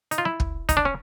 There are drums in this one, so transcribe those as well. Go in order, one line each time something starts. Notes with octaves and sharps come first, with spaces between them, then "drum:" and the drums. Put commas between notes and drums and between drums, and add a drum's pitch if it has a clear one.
D#4, drum: hi-hat
F4
E4
drum: kick
D#4, drum: kick, hi-hat
D4
C#4